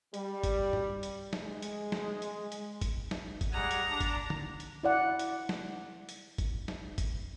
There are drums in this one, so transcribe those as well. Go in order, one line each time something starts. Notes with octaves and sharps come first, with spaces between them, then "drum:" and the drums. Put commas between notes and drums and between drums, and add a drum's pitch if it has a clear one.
G3, drum: hi-hat
drum: kick G1, hi-hat
drum: tom
drum: hi-hat
drum: snare
G#3
drum: hi-hat
drum: snare
drum: hi-hat
drum: hi-hat
drum: kick G1, hi-hat
drum: snare
drum: kick G1, hi-hat
G3 G#3 F#5 A#5
drum: hi-hat
D4
drum: kick G1, hi-hat
drum: tom
drum: hi-hat
E4 D5 F#5
drum: hi-hat
drum: snare
drum: hi-hat
drum: kick G1, hi-hat
drum: snare
drum: kick G1, hi-hat